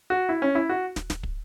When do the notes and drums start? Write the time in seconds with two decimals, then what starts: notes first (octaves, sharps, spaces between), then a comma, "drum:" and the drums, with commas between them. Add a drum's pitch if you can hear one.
0.10 F#4
0.29 E4
0.42 C#4
0.55 E4
0.69 F#4
0.96 drum: snare
1.10 drum: snare
1.23 drum: kick